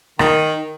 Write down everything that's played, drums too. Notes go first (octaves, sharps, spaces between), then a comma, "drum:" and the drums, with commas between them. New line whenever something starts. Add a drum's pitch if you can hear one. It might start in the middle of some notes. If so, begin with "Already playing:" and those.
D#3, drum: rim click